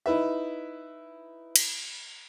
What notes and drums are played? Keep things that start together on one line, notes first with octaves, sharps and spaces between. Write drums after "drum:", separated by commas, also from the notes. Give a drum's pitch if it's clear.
D#4 E4 B4 E5
drum: cymbal